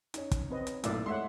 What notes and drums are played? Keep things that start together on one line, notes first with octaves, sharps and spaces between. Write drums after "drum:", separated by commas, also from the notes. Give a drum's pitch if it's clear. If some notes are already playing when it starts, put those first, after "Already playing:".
C#4 D#4, drum: hi-hat
drum: kick, hi-hat
C4 B4 D#5
drum: hi-hat
B1 A#2 A3 E4 D5 E6, drum: hi-hat
G#3 A3 C#5 E5 F#5 C6